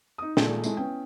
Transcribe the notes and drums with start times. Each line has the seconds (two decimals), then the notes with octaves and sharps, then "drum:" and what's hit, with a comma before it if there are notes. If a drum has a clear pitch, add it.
0.18 D#4 D#6
0.37 A#2 D#3 G#3 A3 D#4 G#4, drum: snare
0.64 G#3 A3 E4 A4, drum: tambourine
0.77 B3 C#4 E4 G5